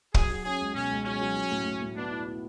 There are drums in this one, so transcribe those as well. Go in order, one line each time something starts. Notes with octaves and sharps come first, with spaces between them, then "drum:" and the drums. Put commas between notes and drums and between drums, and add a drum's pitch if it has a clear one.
F#3 G#4, drum: kick
F#3
C#4 G#4
C#2
B2 C#4
C#2
F#3 C#4
F#3
F#3
A2
A2
A2
B3 D4
E4
E4